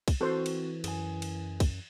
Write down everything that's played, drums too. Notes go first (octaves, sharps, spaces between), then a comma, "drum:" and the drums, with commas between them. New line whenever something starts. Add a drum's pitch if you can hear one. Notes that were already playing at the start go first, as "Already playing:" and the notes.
drum: kick, cymbal
E3 C4 F#4 A4 C5
drum: cymbal
F#2 G#4 G#5, drum: cymbal
drum: cymbal
drum: kick, cymbal